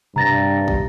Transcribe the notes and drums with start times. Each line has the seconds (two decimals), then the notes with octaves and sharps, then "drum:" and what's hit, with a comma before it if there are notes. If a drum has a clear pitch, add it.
0.16 G2 C3 A#5 A6 A#6
0.68 drum: kick